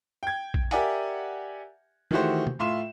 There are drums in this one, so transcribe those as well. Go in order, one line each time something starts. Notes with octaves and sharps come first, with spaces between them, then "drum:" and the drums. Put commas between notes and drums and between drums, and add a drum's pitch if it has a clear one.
G5 G#6
drum: kick A#1
G4 A#4 D5 E5 F#5 G#5, drum: hi-hat
D#3 E3 A3 F#4 G4 C5, drum: tom
drum: tom
A2 F4 E5 C6 E7